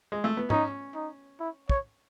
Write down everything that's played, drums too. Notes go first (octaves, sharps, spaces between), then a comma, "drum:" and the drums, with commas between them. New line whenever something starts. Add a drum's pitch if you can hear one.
G#3
A3
B3
C#4 D#4, drum: tom
D#4
E4
C#5, drum: kick